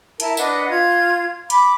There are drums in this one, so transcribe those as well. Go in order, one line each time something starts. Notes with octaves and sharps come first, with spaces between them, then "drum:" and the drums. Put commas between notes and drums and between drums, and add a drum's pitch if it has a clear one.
E4 A#4 A5, drum: hi-hat
D4 B4 D#5 F#5, drum: tambourine
F4 G#6
B5 D6, drum: hi-hat